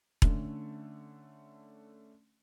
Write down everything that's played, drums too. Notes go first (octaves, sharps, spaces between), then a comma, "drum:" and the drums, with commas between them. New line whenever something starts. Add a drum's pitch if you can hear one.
D3 A3 C#4, drum: kick E1